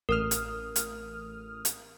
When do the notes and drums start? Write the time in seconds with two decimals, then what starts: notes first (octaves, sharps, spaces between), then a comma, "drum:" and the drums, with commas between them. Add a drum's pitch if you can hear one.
0.09 A1 A#4 D#6 F6
0.31 drum: hi-hat
0.76 drum: hi-hat
1.65 drum: hi-hat